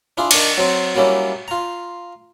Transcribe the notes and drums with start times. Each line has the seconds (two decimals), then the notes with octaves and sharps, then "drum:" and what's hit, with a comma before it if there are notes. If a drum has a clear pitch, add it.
0.17 D4 E4 F4 G#4
0.31 D#3 D4, drum: cymbal
0.57 F#3 C4
0.95 F#3 G3 A#3 C#4 E4
1.48 F4 A#5